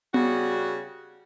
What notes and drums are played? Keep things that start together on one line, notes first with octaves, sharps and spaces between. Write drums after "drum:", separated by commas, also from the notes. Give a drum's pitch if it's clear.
C#3 G3 F#4, drum: tom B3